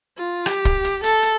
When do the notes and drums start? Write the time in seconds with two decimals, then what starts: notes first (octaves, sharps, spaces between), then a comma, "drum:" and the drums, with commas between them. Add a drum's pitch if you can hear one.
0.17 F4
0.46 G4, drum: rim click
0.65 drum: kick
0.84 drum: hi-hat
1.03 A4, drum: hi-hat
1.23 drum: hi-hat